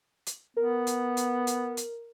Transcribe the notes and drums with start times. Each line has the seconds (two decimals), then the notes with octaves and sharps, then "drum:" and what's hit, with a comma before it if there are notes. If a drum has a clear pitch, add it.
0.26 drum: hi-hat
0.57 B3 A#4
0.87 drum: hi-hat
1.17 drum: hi-hat
1.47 drum: hi-hat
1.77 drum: hi-hat